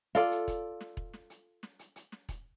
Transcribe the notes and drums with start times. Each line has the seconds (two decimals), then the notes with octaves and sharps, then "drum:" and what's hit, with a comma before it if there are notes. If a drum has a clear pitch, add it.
0.15 F4 A4 D5, drum: hi-hat
0.31 drum: hi-hat
0.48 drum: kick E1, hi-hat
0.81 drum: snare
0.97 drum: kick E1
1.13 drum: snare
1.30 drum: hi-hat
1.63 drum: snare
1.79 drum: hi-hat
1.96 drum: hi-hat
2.12 drum: snare
2.29 drum: kick E1, hi-hat